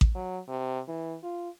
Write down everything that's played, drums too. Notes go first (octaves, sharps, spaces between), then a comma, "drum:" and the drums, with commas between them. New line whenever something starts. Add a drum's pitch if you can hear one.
drum: kick A1
F#3
C3
E3
F4